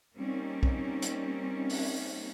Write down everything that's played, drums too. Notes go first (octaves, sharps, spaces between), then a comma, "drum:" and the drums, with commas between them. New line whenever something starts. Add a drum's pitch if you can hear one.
G3 A#3 C4 C#4 D#4
drum: kick B1
drum: hi-hat
drum: open hi-hat